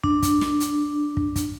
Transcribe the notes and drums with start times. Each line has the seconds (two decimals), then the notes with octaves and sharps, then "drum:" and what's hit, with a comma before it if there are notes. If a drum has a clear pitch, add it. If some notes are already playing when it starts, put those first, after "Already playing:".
0.04 D4, drum: kick
0.22 drum: kick, hi-hat
0.41 drum: snare
0.60 drum: hi-hat
1.17 drum: kick
1.36 drum: kick, hi-hat